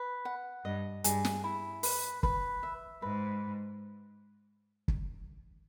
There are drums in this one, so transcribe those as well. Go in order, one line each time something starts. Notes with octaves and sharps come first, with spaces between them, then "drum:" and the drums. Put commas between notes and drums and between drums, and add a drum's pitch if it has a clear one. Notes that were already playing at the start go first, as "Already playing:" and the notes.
Already playing: B4
F#5
G2 D#5
G2 G#4, drum: hi-hat
drum: snare
E4
B4, drum: open hi-hat
B4, drum: kick
E5
G#2 B4
drum: kick